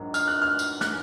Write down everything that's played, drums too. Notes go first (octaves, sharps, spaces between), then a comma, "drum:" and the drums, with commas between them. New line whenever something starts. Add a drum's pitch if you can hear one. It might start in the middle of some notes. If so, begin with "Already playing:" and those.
Already playing: A#1 G#2 F#3 A#3
F6, drum: tambourine
F#6
F6
drum: tambourine
F#6, drum: snare